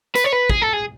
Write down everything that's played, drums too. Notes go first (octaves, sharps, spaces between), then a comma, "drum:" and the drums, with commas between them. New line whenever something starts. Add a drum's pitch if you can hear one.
B4, drum: hi-hat
C#5
B4
G#4, drum: kick
A4
G#4